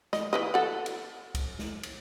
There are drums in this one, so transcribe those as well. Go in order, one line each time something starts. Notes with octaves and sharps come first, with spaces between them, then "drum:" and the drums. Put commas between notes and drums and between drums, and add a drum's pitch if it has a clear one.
D#5, drum: snare
E3 B4 D#5
A4 F#5
drum: cymbal
drum: kick, cymbal
drum: snare
drum: cymbal